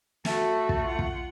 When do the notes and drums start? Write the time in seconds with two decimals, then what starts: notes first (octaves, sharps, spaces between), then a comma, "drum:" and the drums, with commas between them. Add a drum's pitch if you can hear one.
0.25 A3 F#4 A4, drum: snare
0.69 drum: kick
0.84 F4 F#5
0.99 drum: kick